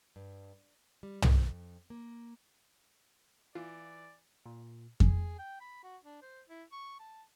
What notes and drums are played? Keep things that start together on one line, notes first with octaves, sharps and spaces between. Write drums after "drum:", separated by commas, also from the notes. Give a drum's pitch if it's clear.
G2
G3
C4, drum: tom
F2
A#3
E3 F4 D5
A#2
G#4, drum: kick F2
G5
B5
F#4
D4
C5
E4
C#6
A5